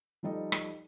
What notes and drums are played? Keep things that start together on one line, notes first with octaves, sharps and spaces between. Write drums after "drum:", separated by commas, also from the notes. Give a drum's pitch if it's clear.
F3 G3 D#4 A4 D#5
drum: rim click